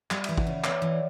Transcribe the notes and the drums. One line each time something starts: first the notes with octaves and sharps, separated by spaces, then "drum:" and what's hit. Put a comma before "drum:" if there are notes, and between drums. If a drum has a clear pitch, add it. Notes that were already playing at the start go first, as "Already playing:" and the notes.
G3 D5, drum: clap
E3 E5, drum: cymbal
F#5, drum: kick
C#3 E5
B3 C#5, drum: clap
E3
D5